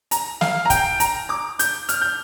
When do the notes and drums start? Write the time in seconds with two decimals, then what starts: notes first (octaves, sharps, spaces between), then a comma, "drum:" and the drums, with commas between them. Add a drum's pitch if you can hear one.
0.11 A#5, drum: hi-hat
0.41 F5, drum: snare
0.65 A#5
0.70 G5, drum: kick, hi-hat
1.00 A#5, drum: hi-hat
1.29 D6
1.59 G6, drum: hi-hat
1.89 F6, drum: hi-hat
2.01 G6